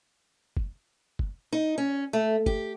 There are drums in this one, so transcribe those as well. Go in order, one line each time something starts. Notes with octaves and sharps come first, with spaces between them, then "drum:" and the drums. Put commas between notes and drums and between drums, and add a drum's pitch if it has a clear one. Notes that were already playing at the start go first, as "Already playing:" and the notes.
drum: kick
drum: kick
D#4
C#4
A3
G4, drum: kick